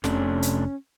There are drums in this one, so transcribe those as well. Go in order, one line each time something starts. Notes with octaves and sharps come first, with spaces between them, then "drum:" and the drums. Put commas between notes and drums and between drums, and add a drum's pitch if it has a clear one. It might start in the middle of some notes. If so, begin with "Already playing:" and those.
F1 C3 A3 C#4 D4, drum: snare
drum: hi-hat